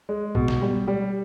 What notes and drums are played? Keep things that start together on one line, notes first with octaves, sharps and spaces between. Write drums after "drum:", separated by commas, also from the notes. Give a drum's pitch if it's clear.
G#3
B2, drum: kick A#1
drum: snare
G3
G3